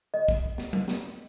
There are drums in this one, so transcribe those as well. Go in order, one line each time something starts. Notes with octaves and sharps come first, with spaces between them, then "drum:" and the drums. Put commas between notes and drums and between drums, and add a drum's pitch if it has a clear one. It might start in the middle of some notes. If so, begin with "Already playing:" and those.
D#5
drum: kick
drum: snare
drum: tom F#3
drum: snare